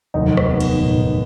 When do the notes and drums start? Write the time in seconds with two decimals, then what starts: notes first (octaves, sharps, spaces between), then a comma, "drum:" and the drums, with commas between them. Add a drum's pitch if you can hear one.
0.14 F1 D#2 D#3 F#3 D#4
0.37 drum: rim click
0.49 B3
0.60 drum: cymbal
0.84 drum: tom A2